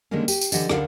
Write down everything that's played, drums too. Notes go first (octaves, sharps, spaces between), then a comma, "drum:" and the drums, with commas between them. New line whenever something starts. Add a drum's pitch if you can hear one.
D3 D#3 G3 G#3 A#3 C#4
G4, drum: tambourine
drum: tambourine
D3 E3 G4 D#5 F#5, drum: tambourine
D2 D3 A#4 F5 F#5, drum: rim click